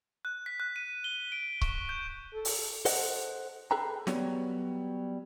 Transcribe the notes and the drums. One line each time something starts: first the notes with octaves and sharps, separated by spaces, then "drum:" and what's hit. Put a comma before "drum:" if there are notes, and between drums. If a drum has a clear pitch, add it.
F#6
B6
F#6
D#7
G7
D7
C#6, drum: kick C#1
G6
A4
drum: open hi-hat
A4 C5 D#5 F#5, drum: open hi-hat
G#4 A4 B4 G5 A#5
F#3 G3 B3 C#5, drum: snare